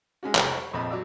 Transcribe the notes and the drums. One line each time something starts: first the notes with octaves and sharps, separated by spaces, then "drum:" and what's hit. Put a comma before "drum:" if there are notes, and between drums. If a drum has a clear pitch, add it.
G#3 C#4 F#4
C2 F2 C#5 G5, drum: clap
C#5
A#1 F2 C4 D#5 B5
F#3 D5 E6